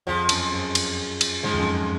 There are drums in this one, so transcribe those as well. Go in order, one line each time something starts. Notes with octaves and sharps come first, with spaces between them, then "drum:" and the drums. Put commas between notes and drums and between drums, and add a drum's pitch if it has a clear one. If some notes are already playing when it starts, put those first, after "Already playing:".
F2 F3 G#3
F#2, drum: cymbal
F#2
drum: cymbal
drum: cymbal
G#2 F3 G#3
F2
F#2